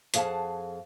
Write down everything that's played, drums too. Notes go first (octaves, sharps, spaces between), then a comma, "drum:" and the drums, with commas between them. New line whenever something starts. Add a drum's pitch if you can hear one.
F2 G#4 F5 F#5 A5, drum: hi-hat